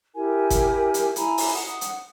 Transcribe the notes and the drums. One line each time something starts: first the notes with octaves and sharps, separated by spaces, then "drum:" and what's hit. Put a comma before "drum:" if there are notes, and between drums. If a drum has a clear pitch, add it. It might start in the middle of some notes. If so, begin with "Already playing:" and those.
E4 G4 A#4 G#5
drum: kick G1, hi-hat
drum: hi-hat
E4 G#5 A#5 B5, drum: hi-hat
drum: open hi-hat
F#5 D#6
drum: hi-hat